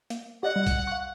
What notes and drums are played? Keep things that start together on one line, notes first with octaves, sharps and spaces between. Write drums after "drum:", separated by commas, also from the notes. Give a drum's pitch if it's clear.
A#3, drum: hi-hat
G4 D5 D#5 F#5
G3
drum: kick A#1, hi-hat
F5 C#6